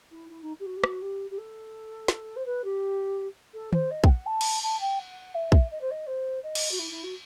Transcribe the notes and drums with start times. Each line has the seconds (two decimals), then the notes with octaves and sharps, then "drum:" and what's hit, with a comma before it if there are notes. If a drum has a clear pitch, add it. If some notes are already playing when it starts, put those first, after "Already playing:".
0.11 E4
0.29 E4
0.42 D#4
0.60 G4
0.66 F#4
0.77 G4
0.84 F#4, drum: rim click
1.02 G4
1.30 G4
1.38 A4
2.08 drum: snare
2.36 C5
2.46 B4
2.64 G4
3.54 A4
3.73 C5, drum: tom
3.91 D#5
4.04 G5, drum: kick
4.09 F#5
4.26 A5
4.41 drum: cymbal
4.63 A5
4.80 G5
4.99 F#5
5.35 E5
5.52 drum: kick
5.71 D#5
5.81 C5
5.91 D#5
6.07 C5
6.43 D#5
6.55 drum: cymbal
6.71 F#4
6.79 E4
6.91 E4
7.03 F#4